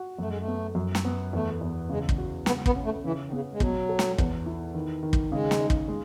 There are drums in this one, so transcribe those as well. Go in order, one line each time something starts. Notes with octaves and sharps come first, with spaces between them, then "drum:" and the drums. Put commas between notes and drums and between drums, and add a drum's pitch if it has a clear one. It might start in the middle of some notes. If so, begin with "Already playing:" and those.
Already playing: F#4
F#2 A3
G#3
A3
B3
F#2
drum: snare
B3
E2 A3
E2
C#3 G#3
drum: kick
F#4
C#3 B3, drum: snare
B3, drum: kick
C#4
A3
C#3 E3
D#3
C#3 B3
G#3
B2 F#3, drum: kick
A4
drum: snare
E2, drum: kick
E4
D#3
D#3
drum: kick
C#3 G#3
drum: snare
D#4
drum: kick
G#3